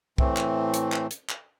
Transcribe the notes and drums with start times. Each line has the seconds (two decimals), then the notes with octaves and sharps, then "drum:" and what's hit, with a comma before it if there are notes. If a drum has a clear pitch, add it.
0.18 A2 E3 A3 C4, drum: kick
0.37 drum: clap
0.74 drum: hi-hat
0.92 drum: clap
1.11 drum: hi-hat
1.29 drum: clap